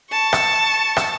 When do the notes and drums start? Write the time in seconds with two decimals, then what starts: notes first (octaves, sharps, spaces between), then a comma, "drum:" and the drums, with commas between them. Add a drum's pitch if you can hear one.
0.11 A5 C#6
0.33 drum: rim click
0.96 drum: rim click